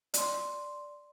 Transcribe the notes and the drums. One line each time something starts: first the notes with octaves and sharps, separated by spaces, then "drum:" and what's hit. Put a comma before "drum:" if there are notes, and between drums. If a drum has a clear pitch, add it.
D5 C6, drum: hi-hat